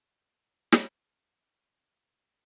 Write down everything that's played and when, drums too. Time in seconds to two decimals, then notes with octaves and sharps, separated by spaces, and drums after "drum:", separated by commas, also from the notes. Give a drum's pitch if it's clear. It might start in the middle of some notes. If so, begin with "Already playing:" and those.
0.16 G3 D4 D#4 D5 A5 E6
0.72 drum: snare